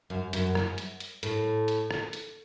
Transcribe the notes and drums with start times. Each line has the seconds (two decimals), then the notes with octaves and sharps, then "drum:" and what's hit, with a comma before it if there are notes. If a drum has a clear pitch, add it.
0.10 F#2
0.33 F#2, drum: hi-hat
0.55 drum: rim click
0.78 drum: hi-hat
1.00 drum: hi-hat
1.23 A2, drum: hi-hat
1.68 drum: hi-hat
1.91 drum: rim click
2.13 drum: hi-hat